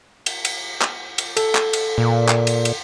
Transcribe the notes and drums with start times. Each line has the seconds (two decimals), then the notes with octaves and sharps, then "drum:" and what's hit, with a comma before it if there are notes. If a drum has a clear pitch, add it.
0.26 drum: cymbal
0.45 drum: cymbal
0.81 drum: clap
1.18 drum: cymbal
1.37 A4, drum: cymbal
1.55 drum: clap
1.73 drum: cymbal
1.98 A#2
2.28 drum: clap
2.47 drum: cymbal
2.65 drum: cymbal